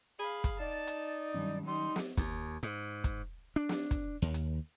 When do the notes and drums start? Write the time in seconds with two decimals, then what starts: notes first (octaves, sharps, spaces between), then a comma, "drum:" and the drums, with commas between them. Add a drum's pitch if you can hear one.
0.19 G#4 F5 B5
0.44 drum: kick, hi-hat
0.60 D#4 D5 A5
0.87 drum: hi-hat
1.34 G2 D#3 F#3 C#4
1.67 G3 D#4 C6
1.96 drum: snare
2.17 D#2, drum: kick, hi-hat
2.63 G#2, drum: hi-hat
3.04 drum: kick, hi-hat
3.56 D4
3.69 drum: snare
3.91 drum: kick, hi-hat
4.22 D#2
4.34 drum: hi-hat